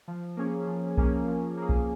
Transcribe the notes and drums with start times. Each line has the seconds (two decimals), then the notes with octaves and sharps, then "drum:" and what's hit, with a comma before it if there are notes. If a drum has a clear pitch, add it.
0.08 F3
0.37 A#3 C#4 G#4
0.67 F3
0.97 A#3 C#4 G#4, drum: kick B1
1.28 F3
1.57 A#3 C#4 G#4
1.69 drum: kick B1